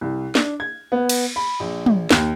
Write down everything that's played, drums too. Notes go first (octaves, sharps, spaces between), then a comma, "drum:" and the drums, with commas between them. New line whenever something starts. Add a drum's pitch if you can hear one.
C2
D4, drum: snare
G#6
B3
drum: cymbal
B5
A#1
drum: tom
D#2, drum: snare